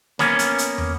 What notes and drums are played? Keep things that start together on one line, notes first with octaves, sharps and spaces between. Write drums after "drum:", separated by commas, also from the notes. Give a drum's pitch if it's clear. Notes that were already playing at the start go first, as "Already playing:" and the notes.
A#3 B3 C#4, drum: snare
drum: hi-hat
drum: hi-hat
drum: tom